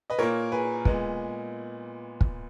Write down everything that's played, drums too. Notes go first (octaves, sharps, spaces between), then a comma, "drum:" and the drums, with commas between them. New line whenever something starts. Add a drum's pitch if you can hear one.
B4 D#5
A#2 A#3 A#4 C#5
G#4 B4
A#2 G#3 B3, drum: kick
drum: kick